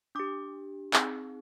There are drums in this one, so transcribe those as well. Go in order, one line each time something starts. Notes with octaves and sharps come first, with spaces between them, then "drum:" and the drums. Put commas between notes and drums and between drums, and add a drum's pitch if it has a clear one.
D4 G4 D6
C4 D#4 G#4, drum: clap